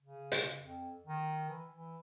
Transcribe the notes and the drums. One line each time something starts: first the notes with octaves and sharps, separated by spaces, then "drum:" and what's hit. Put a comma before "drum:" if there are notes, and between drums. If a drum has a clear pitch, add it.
C#3
drum: hi-hat
F2
D#3
E3
E3